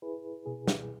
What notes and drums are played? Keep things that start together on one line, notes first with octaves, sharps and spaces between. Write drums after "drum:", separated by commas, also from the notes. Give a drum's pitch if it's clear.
E4 G#4 B4
B2 G#4
drum: snare